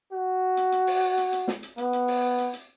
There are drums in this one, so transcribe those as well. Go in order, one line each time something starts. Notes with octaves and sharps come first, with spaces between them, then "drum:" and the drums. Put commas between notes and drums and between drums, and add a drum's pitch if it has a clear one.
F#4
drum: hi-hat
drum: hi-hat
drum: open hi-hat
drum: hi-hat
drum: hi-hat
drum: snare
drum: hi-hat
B3, drum: hi-hat
drum: hi-hat
drum: open hi-hat
drum: hi-hat
drum: hi-hat